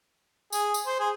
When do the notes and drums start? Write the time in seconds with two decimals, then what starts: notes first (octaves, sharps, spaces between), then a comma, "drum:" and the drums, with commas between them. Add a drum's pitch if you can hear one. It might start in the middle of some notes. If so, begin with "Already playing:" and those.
0.53 G#4, drum: tambourine
0.74 drum: tambourine
0.86 C5
0.99 G#4